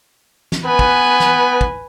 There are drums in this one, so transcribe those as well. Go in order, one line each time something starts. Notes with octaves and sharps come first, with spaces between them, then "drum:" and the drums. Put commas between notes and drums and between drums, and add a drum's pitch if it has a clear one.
drum: snare
B3 B4 G#5
drum: kick
drum: snare
drum: kick